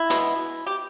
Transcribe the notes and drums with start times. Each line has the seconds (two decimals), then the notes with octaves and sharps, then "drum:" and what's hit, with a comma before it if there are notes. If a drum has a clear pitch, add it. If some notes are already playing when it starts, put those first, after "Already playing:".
Already playing: E4
0.10 B2 G#3 B3, drum: hi-hat
0.66 G4